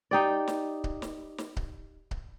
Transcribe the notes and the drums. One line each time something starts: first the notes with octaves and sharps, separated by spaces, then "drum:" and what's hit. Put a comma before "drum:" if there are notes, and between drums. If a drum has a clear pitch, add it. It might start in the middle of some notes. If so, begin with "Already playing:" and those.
D#4 G4 D5
drum: snare
drum: kick C#1
drum: snare
drum: snare
drum: kick C#1
drum: kick C#1